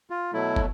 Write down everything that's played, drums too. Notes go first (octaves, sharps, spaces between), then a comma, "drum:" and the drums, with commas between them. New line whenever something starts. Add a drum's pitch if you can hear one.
F4
B2 F#3 A3 E4
drum: kick